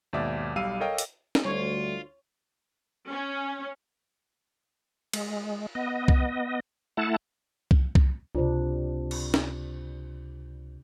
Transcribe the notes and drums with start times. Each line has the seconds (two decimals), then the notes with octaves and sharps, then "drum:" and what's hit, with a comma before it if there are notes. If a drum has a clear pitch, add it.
0.13 D#2 G#2 B2 D5 E5 D6
0.56 B1 G3 F5 E6 D#7
0.80 A4 A#4 C#5 D#5 F5 G5
0.98 drum: hi-hat
1.35 drum: snare
1.45 D2 G3 F4 C#5
3.09 C#4
5.13 G#3, drum: cymbal
5.75 B3 D#5
6.08 drum: kick C2
6.97 A3 E4 F#5 A5
7.71 drum: kick C2
7.95 drum: kick C2
8.35 C#2 C3 D4 F4 C5
9.11 drum: cymbal
9.34 drum: snare